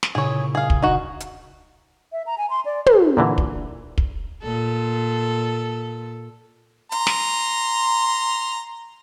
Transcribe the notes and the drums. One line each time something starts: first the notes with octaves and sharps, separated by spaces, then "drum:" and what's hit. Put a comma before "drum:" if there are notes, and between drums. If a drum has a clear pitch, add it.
drum: snare
A#2 C#3 E4 G#4 C#5
G#4 F5
drum: kick
D#4 F#4
drum: hi-hat
E5
A#5
G#5
C6
D5
drum: tom
A#2 D3 E3
drum: kick
drum: kick
A#2 A4
A#5 C6, drum: hi-hat
drum: snare